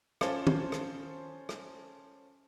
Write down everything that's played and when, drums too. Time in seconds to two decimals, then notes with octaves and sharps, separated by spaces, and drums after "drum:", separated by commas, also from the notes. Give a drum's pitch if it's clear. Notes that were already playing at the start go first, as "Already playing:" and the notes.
0.21 C#4 F4 A4 C5 F5 A5, drum: rim click
0.47 drum: tom
0.72 drum: rim click
1.49 drum: rim click